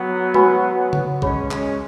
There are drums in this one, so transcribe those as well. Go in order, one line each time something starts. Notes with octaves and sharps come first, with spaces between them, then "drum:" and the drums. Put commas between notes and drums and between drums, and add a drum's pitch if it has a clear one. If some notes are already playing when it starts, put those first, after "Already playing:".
Already playing: F#3 B3
F#4 B4 G#5 B5, drum: tom G#3
drum: tom C#3
G#3 C#4 G#4 C#5 B5, drum: kick B1
G#3 C#4, drum: clap